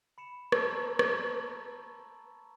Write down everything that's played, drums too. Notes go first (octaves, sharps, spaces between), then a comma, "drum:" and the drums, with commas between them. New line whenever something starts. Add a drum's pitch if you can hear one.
B5 C#7 E7
A5 A#5 C#6 E6, drum: rim click
F#7, drum: rim click